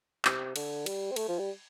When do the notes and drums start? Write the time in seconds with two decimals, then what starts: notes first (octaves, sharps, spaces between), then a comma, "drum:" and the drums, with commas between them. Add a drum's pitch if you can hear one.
0.25 C3, drum: clap
0.56 D3, drum: cymbal
0.86 G3, drum: cymbal
1.11 C4
1.16 A3, drum: cymbal
1.29 F3
1.39 G3